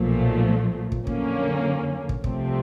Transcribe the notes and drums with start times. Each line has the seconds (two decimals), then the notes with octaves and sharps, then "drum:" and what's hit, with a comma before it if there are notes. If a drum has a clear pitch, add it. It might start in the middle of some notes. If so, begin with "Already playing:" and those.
Already playing: B1 A#2 F3 A3
0.92 drum: kick
1.07 F2 D3 F#3 A#3 C#4, drum: kick
2.09 drum: kick
2.24 C2 C3 F3 A3 C4, drum: kick